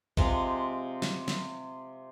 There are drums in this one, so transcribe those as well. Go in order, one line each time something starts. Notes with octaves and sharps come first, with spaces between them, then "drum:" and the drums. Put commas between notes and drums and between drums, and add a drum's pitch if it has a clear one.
C3 F3 G#3, drum: kick A1
drum: snare
drum: snare